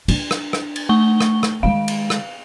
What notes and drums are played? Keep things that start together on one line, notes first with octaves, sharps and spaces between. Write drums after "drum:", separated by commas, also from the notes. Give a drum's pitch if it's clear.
D4, drum: cymbal
drum: rim click
drum: rim click
drum: cymbal
A3 C#6 G7
drum: rim click
drum: rim click
D#3 G#3 F5
drum: cymbal
drum: rim click